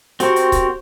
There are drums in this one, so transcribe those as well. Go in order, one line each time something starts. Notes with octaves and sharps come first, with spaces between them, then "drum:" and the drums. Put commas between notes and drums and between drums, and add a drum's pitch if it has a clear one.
C4 F#4 G4 A#4 C5 C#6, drum: hi-hat
drum: hi-hat
drum: kick C#1, hi-hat